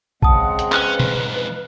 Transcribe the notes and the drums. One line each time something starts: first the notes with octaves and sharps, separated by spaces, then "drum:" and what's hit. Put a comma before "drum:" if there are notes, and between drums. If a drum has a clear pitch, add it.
C#3 G#3 C4 F#5 A5 D#6, drum: kick A#1
drum: hi-hat
C#4 B4 F6 F#6, drum: clap
F2 G#2, drum: tom B2